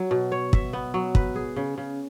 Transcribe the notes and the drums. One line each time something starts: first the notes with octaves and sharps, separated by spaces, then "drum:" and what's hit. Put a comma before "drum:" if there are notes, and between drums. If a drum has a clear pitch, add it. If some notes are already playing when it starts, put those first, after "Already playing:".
Already playing: F#3
B2
C#5
E5, drum: kick
B3
F#3
B4, drum: kick
G#4
C#3
C#3